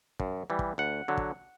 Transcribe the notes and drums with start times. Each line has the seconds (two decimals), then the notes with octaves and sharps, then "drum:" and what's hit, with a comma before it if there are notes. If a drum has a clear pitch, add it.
0.20 F#2, drum: kick
0.50 E3 G3
0.59 drum: kick
0.78 D2 F#5
1.08 D3 F#3
1.17 drum: kick